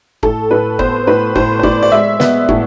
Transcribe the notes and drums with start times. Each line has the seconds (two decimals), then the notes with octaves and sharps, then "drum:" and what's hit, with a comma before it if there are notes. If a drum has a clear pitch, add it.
0.23 A2 A4, drum: kick
0.51 A2 B4
0.79 B3 C5, drum: kick
1.07 A2 B4
1.35 A2 C5, drum: kick
1.59 C5
1.63 A2 D5, drum: kick
1.82 D5
1.92 G#3 E5
2.20 B3, drum: snare
2.49 A2, drum: kick